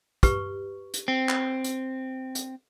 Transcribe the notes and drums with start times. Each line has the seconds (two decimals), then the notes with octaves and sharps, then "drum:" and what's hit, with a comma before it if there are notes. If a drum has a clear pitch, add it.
0.23 G4 B4 C#6, drum: kick, hi-hat
0.94 drum: hi-hat
1.08 C4
1.29 drum: clap
1.64 drum: hi-hat
2.35 drum: hi-hat